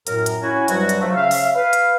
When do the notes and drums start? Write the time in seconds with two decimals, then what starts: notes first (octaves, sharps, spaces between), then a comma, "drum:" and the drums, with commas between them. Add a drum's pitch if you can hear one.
0.07 F#2 A2 A#4, drum: hi-hat
0.26 drum: hi-hat
0.42 C#4 E4 F#4 G#5
0.68 G2 C3 F#3 G3 F#4, drum: hi-hat
0.89 drum: hi-hat
1.01 F3 F#3 A3
1.15 C#3 E5 F5
1.31 drum: open hi-hat
1.55 B4 F5
1.73 drum: hi-hat